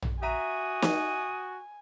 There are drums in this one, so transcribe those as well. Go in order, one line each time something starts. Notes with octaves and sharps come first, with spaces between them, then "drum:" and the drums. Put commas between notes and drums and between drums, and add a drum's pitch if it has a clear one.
drum: tom A#1
F#4 E5 G#5 A#5 D#6 D#7
drum: snare